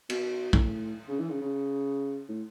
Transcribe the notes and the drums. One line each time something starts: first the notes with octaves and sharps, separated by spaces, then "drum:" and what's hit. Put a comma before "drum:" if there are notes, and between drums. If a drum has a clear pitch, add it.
B2, drum: cymbal
A2, drum: kick
C#3
E3
C#3
C#3
A2